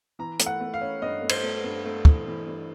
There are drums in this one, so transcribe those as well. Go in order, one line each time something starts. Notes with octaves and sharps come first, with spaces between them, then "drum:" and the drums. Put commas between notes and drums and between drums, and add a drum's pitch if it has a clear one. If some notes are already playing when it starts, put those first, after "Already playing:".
E3 A#5
A3, drum: hi-hat
F#5
A3
F5
C#4
G2 D#5
A3
C5, drum: cymbal
A3
G2
A3
E3, drum: kick
E3
G2